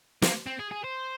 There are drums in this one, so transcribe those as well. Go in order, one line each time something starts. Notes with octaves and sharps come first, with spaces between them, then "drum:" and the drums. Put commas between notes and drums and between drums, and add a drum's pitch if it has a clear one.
A#3, drum: snare
C4
G#4
G#4
C5